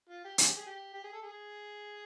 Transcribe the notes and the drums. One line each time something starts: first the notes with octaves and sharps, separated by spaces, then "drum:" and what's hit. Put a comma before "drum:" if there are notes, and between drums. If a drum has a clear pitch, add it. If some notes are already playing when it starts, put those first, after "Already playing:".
F4
G4
G#4, drum: hi-hat
G4
G#4
G4
G4
G#4
A4
G#4